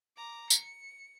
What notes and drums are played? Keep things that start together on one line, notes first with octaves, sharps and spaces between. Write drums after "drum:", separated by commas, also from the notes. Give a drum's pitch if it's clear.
A#5 D6
C#7, drum: tambourine